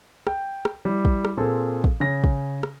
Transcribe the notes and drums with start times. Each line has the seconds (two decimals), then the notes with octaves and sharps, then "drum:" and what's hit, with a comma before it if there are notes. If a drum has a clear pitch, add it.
0.27 G5, drum: rim click
0.65 drum: rim click
0.85 G3 E4
1.05 drum: kick
1.25 drum: rim click
1.37 A#2 C4 G#4 A4
1.84 drum: kick
2.00 C#3 G#5 A#6
2.24 drum: kick
2.63 drum: rim click